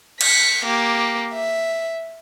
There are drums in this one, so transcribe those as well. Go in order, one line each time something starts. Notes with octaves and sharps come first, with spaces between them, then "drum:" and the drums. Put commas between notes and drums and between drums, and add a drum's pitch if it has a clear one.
B6 C#7, drum: cymbal
A#3 G4
E5